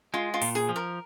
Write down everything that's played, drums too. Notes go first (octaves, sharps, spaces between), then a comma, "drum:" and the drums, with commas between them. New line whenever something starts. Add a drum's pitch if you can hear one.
G#3 F4
F4
A#2, drum: open hi-hat
G#4
F3
A#4